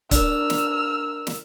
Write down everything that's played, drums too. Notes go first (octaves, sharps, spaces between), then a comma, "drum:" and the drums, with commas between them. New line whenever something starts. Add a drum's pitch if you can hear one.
D4 A#4 E6 F6, drum: kick, hi-hat
drum: snare
drum: snare